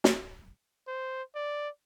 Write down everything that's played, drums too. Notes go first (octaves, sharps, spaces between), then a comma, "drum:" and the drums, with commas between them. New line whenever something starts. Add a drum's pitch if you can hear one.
drum: snare
C5
D5